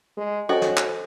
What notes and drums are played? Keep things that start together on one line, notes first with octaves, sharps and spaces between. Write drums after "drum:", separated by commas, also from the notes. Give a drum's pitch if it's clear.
G#3
C#4 F#4 A4 C5 D#5 G#5
drum: snare
drum: clap